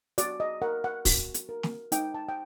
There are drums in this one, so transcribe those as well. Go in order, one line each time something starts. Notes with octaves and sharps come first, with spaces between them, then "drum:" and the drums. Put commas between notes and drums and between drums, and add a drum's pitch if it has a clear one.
F#4 D5, drum: hi-hat
D#5
A#4 F#5
F#5
F#4, drum: kick, open hi-hat
drum: hi-hat
A#4
drum: snare
D#4 G5, drum: hi-hat
A5
G5